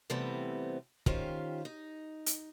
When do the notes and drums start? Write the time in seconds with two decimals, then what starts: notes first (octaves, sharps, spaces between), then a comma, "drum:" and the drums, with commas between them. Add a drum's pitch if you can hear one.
0.10 C3 E3 G3 A3 B3 C4
1.06 D#3 C#4 F4 G4 C5, drum: kick
1.65 D#4
2.26 drum: hi-hat